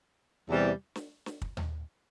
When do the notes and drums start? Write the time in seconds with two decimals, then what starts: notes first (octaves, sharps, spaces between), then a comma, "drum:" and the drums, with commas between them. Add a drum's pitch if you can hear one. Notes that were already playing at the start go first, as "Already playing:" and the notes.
0.49 E2 C3 E3 G3
0.96 drum: snare
1.26 drum: snare
1.42 drum: kick
1.57 drum: tom D#2